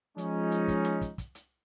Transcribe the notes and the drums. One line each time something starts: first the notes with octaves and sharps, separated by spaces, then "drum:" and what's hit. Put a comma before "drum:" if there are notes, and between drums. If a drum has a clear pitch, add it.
F3 G#3 C#4 D#4, drum: hi-hat
drum: hi-hat
drum: kick, hi-hat
drum: snare
drum: kick, hi-hat
drum: kick, hi-hat
drum: hi-hat